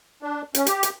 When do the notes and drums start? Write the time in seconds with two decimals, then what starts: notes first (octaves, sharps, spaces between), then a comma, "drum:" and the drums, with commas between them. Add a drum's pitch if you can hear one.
0.22 D4
0.55 C#4, drum: hi-hat
0.66 G4, drum: hi-hat
0.83 drum: hi-hat